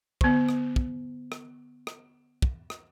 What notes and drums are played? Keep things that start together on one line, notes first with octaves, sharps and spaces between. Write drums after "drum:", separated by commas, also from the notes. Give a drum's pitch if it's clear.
D3 B3, drum: kick
drum: rim click
drum: kick
drum: rim click
drum: rim click
drum: kick
drum: rim click